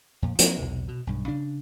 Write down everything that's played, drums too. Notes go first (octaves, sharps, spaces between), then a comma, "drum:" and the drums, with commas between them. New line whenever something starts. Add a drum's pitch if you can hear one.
F2 A#2
F3 F#3 A#3 C4, drum: hi-hat
B1 E2 C3
B2
B1 G2
C#3 D4